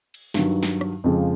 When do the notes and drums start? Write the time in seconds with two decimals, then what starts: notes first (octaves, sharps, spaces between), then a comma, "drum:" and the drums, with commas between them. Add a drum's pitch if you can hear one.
0.14 drum: cymbal
0.34 G2 D#3 F#3, drum: snare
0.63 drum: snare
0.81 drum: rim click
1.04 F2 C#3 F3 G#3